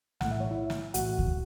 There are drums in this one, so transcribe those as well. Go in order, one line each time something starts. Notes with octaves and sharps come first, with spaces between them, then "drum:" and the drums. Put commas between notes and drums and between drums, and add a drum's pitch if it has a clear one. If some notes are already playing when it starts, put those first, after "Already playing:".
B1 A2 E3 A3 F#5, drum: snare
E5
C#5
E4 E5
drum: snare
B1 A2 E3 A3 F#4 F#5, drum: hi-hat
drum: kick D2